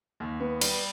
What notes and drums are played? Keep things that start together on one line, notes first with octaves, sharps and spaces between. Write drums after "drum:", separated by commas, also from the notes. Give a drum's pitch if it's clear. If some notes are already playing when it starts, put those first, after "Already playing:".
D#2
B3
G3, drum: cymbal